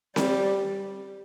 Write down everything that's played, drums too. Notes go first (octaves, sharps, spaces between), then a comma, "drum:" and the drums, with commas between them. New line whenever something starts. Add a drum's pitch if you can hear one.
G3, drum: snare C4